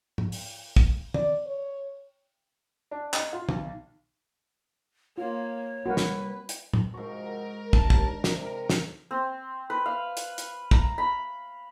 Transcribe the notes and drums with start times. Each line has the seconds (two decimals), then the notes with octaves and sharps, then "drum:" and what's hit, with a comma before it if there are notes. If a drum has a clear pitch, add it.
0.18 drum: tom
0.32 drum: open hi-hat
0.76 drum: kick
1.14 D5, drum: tom
1.46 C#5
2.91 D4
3.14 D#4, drum: clap
3.33 F4
3.49 B1, drum: tom
5.18 A#3 F4 C#5
5.86 G3 B3 C4 F#4 A#4 B4 F5
5.97 drum: snare
6.49 drum: hi-hat
6.73 drum: tom
6.94 G#2 C3 F3 F#4 A#4 C#6
7.73 D#2 D4 A5, drum: kick
7.90 drum: kick
8.24 C3, drum: snare
8.70 drum: snare
9.11 C4
9.70 B4
9.86 F5
10.17 drum: hi-hat
10.38 drum: hi-hat
10.71 A#5, drum: kick
10.98 B5